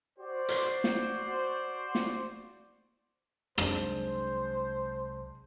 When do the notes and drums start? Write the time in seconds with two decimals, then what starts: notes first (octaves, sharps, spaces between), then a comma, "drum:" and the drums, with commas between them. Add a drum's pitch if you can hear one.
0.19 F#4 C5 D5
0.49 drum: hi-hat
0.84 drum: snare
1.95 drum: snare
3.58 C2 F#3 G#3 D4 G#4 C5, drum: rim click